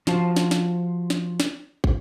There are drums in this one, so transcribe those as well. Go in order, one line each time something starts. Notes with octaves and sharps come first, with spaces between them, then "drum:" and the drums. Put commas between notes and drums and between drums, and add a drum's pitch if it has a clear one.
F3 F4 F#4 C5 F5 A5, drum: snare
drum: snare
drum: snare
drum: snare
drum: snare
drum: kick